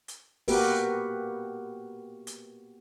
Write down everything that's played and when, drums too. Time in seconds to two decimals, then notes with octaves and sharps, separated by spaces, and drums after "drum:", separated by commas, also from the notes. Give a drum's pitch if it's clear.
0.08 drum: hi-hat
0.48 A#3 B3 F#4 G4 A#4 B4, drum: open hi-hat
2.27 drum: hi-hat